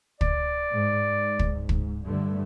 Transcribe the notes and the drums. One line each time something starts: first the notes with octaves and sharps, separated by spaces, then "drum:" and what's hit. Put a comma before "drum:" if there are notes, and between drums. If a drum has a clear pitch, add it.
D5, drum: kick
G#2
G#2
drum: kick
drum: kick
G2 D3 A3